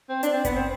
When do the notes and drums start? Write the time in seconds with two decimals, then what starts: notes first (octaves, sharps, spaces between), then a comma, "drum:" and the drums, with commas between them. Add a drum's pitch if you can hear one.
0.09 C4
0.23 D4, drum: hi-hat
0.33 C4
0.45 B3, drum: kick G1, hi-hat
0.55 C4